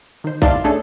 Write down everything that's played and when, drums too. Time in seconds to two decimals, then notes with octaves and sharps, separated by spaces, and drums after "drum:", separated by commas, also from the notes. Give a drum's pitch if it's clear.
0.24 D#3 C5
0.42 D#4 E4 D5 F5 A5 C6, drum: kick
0.64 A3 C#4 D4 G#4 A4